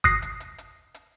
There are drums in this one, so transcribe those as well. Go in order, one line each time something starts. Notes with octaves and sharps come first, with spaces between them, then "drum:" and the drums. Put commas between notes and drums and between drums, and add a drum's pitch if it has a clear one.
D#6 F#6 A#6 C7, drum: kick, hi-hat
drum: hi-hat
drum: hi-hat
drum: hi-hat
drum: hi-hat